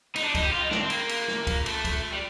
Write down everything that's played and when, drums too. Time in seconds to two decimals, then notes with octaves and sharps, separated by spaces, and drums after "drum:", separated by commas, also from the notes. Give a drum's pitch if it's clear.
0.16 D#4, drum: cymbal
0.24 D4
0.35 D#4, drum: kick C#2, cymbal
0.43 G4
0.53 F4
0.62 D#4
0.71 D4, drum: snare
0.80 C4
0.90 A#3, drum: cymbal
1.09 drum: cymbal
1.28 drum: snare
1.47 drum: kick C#2, cymbal
1.66 A3, drum: cymbal
1.85 drum: kick C#2, cymbal
2.12 G3